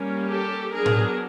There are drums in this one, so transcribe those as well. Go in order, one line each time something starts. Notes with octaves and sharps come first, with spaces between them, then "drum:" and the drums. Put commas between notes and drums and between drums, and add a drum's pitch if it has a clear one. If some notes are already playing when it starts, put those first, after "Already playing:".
Already playing: G3 A#3 C#4
G4 A4
F#3 B3 D4 G#4 A#4
drum: tom A2